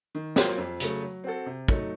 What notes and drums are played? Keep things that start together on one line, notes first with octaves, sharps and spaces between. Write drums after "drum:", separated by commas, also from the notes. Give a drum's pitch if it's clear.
D#3
F#3 A#3 F4 C5, drum: snare
F2
C#3 F#3 A3, drum: hi-hat
F#3
C4 F#4 A4
C3
F#3 A3 D#4, drum: kick